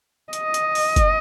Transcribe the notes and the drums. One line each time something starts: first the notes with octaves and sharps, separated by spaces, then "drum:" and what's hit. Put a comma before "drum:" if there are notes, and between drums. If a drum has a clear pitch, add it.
D#5, drum: hi-hat
drum: hi-hat
drum: open hi-hat
drum: kick F#1, hi-hat